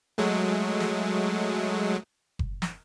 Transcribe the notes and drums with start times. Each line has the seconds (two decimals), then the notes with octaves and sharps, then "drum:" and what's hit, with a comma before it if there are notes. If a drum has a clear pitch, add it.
0.18 F#3 G#3 A3
0.80 drum: snare
2.39 drum: kick F#1
2.62 drum: snare